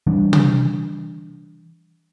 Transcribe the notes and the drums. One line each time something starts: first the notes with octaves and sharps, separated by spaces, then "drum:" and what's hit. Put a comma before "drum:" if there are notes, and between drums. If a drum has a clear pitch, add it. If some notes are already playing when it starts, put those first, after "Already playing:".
E3 G3 D4
drum: tom C3